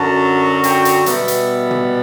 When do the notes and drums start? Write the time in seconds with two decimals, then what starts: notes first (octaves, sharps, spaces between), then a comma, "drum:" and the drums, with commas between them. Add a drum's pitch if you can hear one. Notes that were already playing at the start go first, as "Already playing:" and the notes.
Already playing: F#2 D3 F#3 A5
0.64 G5, drum: hi-hat
0.85 drum: hi-hat
1.06 B2 G3 B3 E5, drum: hi-hat
1.28 drum: hi-hat
1.71 drum: tom